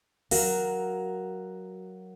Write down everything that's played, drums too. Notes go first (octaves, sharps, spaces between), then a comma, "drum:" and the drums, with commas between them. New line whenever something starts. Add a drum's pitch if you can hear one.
F#3 F#4 A#4 F5, drum: open hi-hat